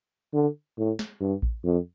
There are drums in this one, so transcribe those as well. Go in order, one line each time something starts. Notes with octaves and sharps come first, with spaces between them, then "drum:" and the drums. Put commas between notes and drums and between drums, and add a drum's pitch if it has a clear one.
D3
A2
drum: snare
G2
drum: kick A1
F2